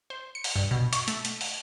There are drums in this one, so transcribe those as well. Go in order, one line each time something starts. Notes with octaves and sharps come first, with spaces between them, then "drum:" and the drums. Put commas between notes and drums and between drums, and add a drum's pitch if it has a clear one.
C5
C#7
drum: open hi-hat
G2
B2
C#6, drum: hi-hat
A3, drum: hi-hat
drum: hi-hat
drum: open hi-hat